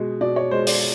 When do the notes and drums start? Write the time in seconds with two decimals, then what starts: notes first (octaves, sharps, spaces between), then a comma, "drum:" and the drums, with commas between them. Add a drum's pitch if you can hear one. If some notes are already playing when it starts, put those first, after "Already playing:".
Already playing: B2 G#3
0.21 B2 D5
0.36 C#5
0.51 G#3 C5
0.67 D5, drum: open hi-hat